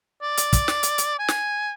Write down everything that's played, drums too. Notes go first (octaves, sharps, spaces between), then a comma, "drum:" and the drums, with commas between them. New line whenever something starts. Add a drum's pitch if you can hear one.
D5
drum: hi-hat
drum: kick, hi-hat
drum: snare
drum: hi-hat
drum: hi-hat
G#5
drum: snare